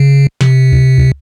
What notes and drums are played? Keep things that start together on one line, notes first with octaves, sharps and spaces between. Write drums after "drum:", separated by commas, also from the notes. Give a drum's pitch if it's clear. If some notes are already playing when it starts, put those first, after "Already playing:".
Already playing: C#3
C3, drum: snare
drum: kick
drum: kick